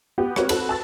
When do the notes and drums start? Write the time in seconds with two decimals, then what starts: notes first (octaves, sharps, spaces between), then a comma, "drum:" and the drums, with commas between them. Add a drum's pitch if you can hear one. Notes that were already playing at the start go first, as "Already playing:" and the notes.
0.18 B3 F#4 G4
0.36 C4 F#4 G4 A#4 B4 C#5, drum: rim click
0.49 C4 F#4 A4 B4, drum: cymbal
0.69 A5 E6 A6